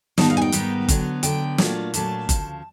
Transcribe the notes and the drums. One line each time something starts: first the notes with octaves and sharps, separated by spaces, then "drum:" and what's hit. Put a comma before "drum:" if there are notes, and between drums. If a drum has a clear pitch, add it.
G#2 D#3 G3 B3 D#4 A5, drum: snare
F5
G#5
G5
G#2 D#3 G3 B3 D#4, drum: hi-hat
D3 F#3 B3, drum: kick F#1, hi-hat
D3 F#3 B3 G5, drum: hi-hat
A#2 F#3 A3 D4 F4, drum: snare
A#2 F#3 A3 D4 F4 A5, drum: hi-hat
D2 C#3 F3, drum: kick F#1, hi-hat